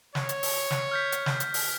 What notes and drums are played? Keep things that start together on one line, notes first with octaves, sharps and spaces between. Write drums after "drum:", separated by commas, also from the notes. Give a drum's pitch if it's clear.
C#5, drum: snare
drum: hi-hat
drum: open hi-hat
drum: snare
F6 G6 B6
drum: hi-hat
drum: snare
drum: hi-hat
drum: open hi-hat